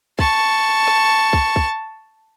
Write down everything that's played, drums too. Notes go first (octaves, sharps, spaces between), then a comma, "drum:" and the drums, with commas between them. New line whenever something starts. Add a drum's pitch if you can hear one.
A5 C#6, drum: kick
drum: snare
drum: kick
drum: kick